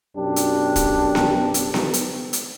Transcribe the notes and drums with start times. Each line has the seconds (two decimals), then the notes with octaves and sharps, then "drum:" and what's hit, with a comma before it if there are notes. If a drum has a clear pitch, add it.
0.17 B1 F#2 D4 G4
0.36 drum: hi-hat
0.76 drum: kick, hi-hat
1.15 drum: snare B3
1.54 drum: hi-hat
1.74 drum: snare B3
1.93 drum: hi-hat
2.33 drum: hi-hat